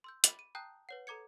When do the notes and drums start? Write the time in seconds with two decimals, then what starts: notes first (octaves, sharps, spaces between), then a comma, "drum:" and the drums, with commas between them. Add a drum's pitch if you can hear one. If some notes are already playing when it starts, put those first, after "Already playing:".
0.04 C6 E6 G6
0.24 B5 D6 A6 B6, drum: hi-hat
0.39 D#7
0.55 G5 A5 A#5 D#6 F#6 G6
0.89 B4 C#5 F#5
1.07 A4 A#5 D6 G#6 C#7